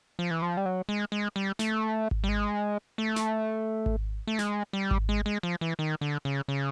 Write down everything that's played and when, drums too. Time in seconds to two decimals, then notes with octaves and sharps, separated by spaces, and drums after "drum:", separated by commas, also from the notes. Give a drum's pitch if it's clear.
0.19 F3
0.31 E3
0.42 F3
0.57 G3
0.65 F#3
0.89 G#3
1.12 G#3
1.36 G3
1.59 A3, drum: snare
2.11 drum: kick G#1
2.24 G3
2.29 G#3
2.98 A3
3.16 drum: snare
3.86 drum: kick G#1
4.27 A3
4.39 G#3, drum: snare
4.73 G3
4.91 drum: kick G#1
5.09 G#3
5.26 G#3
5.43 F3
5.61 E3
5.79 D#3
6.01 D3
6.25 C#3
6.48 C#3